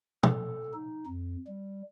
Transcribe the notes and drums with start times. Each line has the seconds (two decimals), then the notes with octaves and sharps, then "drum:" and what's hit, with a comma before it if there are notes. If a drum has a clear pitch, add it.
0.23 A4, drum: tom
0.73 D#4
1.07 F2
1.47 G3